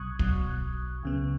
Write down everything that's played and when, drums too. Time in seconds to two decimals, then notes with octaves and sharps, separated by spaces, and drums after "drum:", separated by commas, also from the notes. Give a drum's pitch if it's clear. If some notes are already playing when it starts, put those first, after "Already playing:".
Already playing: B1 B2 F#3 C#6 D#6 F#6 G#6
0.19 B1 B2 F#3, drum: kick
1.03 C#2 C#3 B3